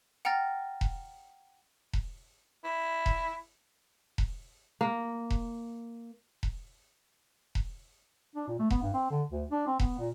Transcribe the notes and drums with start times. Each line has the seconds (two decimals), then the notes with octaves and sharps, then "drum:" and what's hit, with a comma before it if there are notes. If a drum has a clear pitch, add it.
0.25 F#5 G5 A#5 F6 A6 A#6
0.81 drum: kick E1
1.93 drum: kick E1
2.64 E4
3.06 drum: kick E1
4.18 drum: kick E1
4.81 A#3
5.30 drum: kick E1
6.43 drum: kick E1
7.55 drum: kick E1
8.36 D4
8.47 A#2
8.59 A3
8.70 B3, drum: kick E1
8.82 G2
8.94 C4
9.10 D3
9.31 D2
9.51 D4
9.67 C4
9.79 B3, drum: kick E1
9.98 A#2